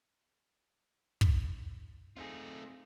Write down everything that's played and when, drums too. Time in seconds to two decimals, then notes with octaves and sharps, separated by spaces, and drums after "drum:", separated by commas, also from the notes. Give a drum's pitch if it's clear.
1.21 drum: kick
2.17 A3 C4 D#4 F4 G#4